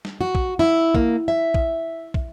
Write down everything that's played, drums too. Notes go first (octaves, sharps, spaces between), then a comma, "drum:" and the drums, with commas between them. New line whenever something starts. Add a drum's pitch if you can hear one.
drum: snare
F#4
drum: kick
E4
A#3, drum: kick
E5
drum: kick
drum: kick